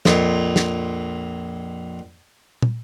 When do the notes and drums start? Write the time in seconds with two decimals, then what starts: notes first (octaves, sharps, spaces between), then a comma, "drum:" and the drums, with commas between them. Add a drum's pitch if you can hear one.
0.05 A#1 F2, drum: snare
0.56 drum: snare
2.62 drum: tom